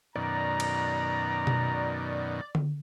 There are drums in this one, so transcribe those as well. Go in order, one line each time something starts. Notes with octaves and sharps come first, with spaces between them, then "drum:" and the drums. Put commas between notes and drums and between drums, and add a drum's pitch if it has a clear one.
F#2 B2 D#3 D5 A#5
drum: cymbal
drum: tom B2
drum: tom D3